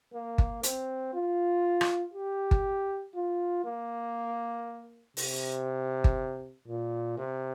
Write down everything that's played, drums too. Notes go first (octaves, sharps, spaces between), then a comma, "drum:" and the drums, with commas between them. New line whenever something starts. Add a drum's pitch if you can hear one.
A#3
drum: kick G1
C4, drum: hi-hat
F4
drum: rim click
G4
drum: kick G1
F4
A#3
C3, drum: open hi-hat
drum: kick G1
A#2
C3